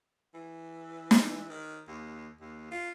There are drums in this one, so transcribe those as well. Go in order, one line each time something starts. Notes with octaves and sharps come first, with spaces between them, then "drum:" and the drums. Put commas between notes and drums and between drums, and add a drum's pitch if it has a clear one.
E3
drum: snare
D#3
D#2
D#2
F4